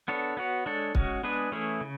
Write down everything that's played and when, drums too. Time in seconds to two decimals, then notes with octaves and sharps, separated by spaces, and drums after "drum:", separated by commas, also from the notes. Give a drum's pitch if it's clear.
0.08 B3 D4 A4 C#5
0.37 B3 F#4 C#5
0.66 G#3 D4 A4 C#5
0.95 G#3 C#4 F#4, drum: kick
1.23 G#3 B3 D4 G#4 B4
1.52 E3 A3 C#4 E4 G#4
1.81 C#3